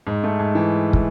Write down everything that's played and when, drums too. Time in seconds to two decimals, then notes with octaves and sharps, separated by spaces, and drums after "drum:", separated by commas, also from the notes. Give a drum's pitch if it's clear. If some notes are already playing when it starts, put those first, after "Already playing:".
0.07 G#2
0.24 A3
0.39 G#2
0.55 E3
0.93 drum: kick